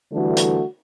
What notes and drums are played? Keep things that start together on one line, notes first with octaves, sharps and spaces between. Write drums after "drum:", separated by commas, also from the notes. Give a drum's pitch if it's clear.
D3 E3 G3 A3 D4 F#4
drum: hi-hat